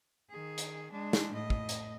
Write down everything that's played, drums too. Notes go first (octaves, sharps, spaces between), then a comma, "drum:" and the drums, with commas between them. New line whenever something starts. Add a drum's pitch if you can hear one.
D#3 G#4
drum: hi-hat
G#3 D4
drum: snare
A2 D#5
drum: kick
drum: hi-hat